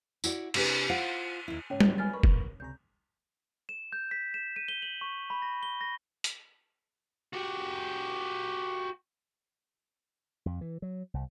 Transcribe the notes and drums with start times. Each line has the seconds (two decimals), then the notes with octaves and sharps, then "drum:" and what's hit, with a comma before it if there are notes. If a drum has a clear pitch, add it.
0.24 E4 F#4 D5, drum: tambourine
0.54 C3 D4 G4 G#4 B4, drum: cymbal
0.90 F4 C5 F5 F#5
1.48 D#2 E4
1.70 G#2 C#3 C#4 C#5
1.81 drum: tom G3
1.98 B4 G#5 F6 A6
2.14 A#4 B4 B5 C#6
2.23 drum: kick
2.60 C#2 C3 A#5 G6
3.69 E7
3.93 G6
4.11 B6
4.34 E7
4.56 D#7
4.68 G7
4.82 F#7
5.01 C#6
5.30 B5
5.42 A#6
5.63 G7
5.81 A#6
6.24 drum: hi-hat
7.33 F#4 G4
10.46 F2
10.61 E3
10.82 F#3
11.14 C2